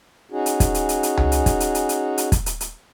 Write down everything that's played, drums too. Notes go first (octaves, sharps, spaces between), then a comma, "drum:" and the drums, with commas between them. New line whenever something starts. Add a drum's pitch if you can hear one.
C#4 D#4 F#4 G#4
drum: hi-hat
drum: kick, hi-hat
drum: hi-hat
drum: hi-hat
drum: hi-hat
drum: tom C#2
drum: hi-hat
drum: kick, hi-hat
drum: hi-hat
drum: hi-hat
drum: hi-hat
drum: hi-hat
drum: kick, hi-hat
drum: hi-hat
drum: hi-hat